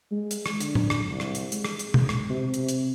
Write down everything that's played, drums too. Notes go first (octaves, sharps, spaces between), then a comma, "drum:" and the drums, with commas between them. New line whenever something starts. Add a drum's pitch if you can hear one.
G#3
drum: hi-hat
drum: rim click
D3, drum: hi-hat
drum: tom A2
drum: rim click
C2
drum: rim click
drum: hi-hat
G#3, drum: hi-hat
drum: rim click
drum: hi-hat
drum: tom B2
drum: rim click
C3
drum: hi-hat
drum: hi-hat